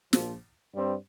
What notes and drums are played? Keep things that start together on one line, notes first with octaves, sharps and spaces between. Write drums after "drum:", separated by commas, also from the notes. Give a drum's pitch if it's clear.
A#1 A#2 F3, drum: snare
G2 G3 C4